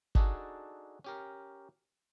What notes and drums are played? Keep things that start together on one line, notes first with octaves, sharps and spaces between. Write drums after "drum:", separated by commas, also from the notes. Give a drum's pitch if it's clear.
D4 D#4 F#4 G#4 A4 D5, drum: kick G1
C#4 G4 A#4